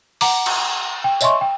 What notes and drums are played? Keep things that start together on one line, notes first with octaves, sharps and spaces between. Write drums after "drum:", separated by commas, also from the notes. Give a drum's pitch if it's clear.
F#5 A#5 D6, drum: open hi-hat
drum: cymbal
G5
C#5 D#5 E5 G#5 C6 C#6, drum: tambourine
G5